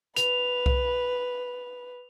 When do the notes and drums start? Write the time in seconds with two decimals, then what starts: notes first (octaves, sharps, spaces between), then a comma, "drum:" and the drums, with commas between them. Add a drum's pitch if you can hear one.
0.16 B4 F7, drum: hi-hat
0.66 drum: kick C2